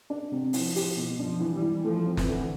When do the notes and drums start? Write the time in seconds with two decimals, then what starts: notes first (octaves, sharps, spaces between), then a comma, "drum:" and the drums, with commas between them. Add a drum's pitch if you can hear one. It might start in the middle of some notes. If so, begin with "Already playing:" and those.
0.10 D4
0.32 C3
0.53 F3 E4, drum: open hi-hat
0.76 G4, drum: open hi-hat
0.97 B2
1.19 F3 D4
1.40 E3
1.52 G3
1.62 E3
1.84 F3 A3
2.06 C4
2.17 E3, drum: snare
2.28 D3